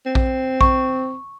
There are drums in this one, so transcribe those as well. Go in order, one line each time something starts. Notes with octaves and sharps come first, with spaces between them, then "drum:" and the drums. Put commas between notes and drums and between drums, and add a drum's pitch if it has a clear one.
C4
drum: kick A#1
C#6, drum: kick A#1